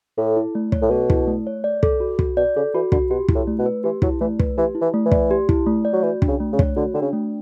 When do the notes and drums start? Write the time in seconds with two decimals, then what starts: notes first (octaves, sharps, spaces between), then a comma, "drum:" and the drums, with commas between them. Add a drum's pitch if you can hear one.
0.18 A2 A4
0.36 E4
0.55 A3
0.72 C#5, drum: kick
0.82 A2
0.91 B2 A4
1.10 E4, drum: kick
1.28 A3
1.47 C#5
1.64 D5
1.83 A4, drum: kick
2.00 F#4
2.19 F#4, drum: kick
2.37 B2 D5
2.56 C#3 A4
2.75 E3 F#4
2.92 D3 F#4, drum: kick
3.10 B2 G4
3.28 E4, drum: kick
3.35 A2
3.47 A3
3.59 B2
3.66 B4
3.84 E3 G4
4.02 F#3 E4, drum: kick
4.21 E3 A3
4.39 B4, drum: kick
4.58 E3 G4
4.75 E4
4.81 E3
4.94 A3
5.06 E3
5.12 D5, drum: kick
5.31 G4
5.49 E4, drum: kick
5.66 A3
5.85 D5
5.93 F#3
6.03 E3 F#4
6.22 D4, drum: kick
6.28 C#3
6.40 A3
6.53 C#3
6.59 C#5, drum: kick
6.76 D3 F#4
6.94 D3 D4
7.02 C#3
7.13 A3